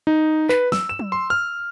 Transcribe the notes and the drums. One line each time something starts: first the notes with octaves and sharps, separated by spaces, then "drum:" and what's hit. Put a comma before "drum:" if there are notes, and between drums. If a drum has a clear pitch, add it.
D#4
B4, drum: clap
E6, drum: snare
E7
drum: tom F#3
C6
F6